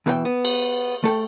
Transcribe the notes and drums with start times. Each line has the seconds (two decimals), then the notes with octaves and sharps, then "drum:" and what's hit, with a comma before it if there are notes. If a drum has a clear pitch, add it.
0.06 E2 B2 E3 E4 A4 G5
0.25 B3
0.45 drum: cymbal
1.04 A3 A4 G5